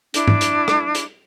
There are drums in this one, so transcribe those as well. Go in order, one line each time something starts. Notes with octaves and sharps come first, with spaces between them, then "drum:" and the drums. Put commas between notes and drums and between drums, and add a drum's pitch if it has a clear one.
D4 E4, drum: hi-hat
drum: tom G#2
drum: hi-hat
drum: rim click
drum: hi-hat